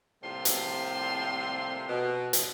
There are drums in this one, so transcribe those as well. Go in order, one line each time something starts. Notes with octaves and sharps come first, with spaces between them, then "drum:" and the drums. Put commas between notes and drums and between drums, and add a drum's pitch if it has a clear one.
A2 C3 F3 G3 A#3 C6
drum: hi-hat
B2
drum: hi-hat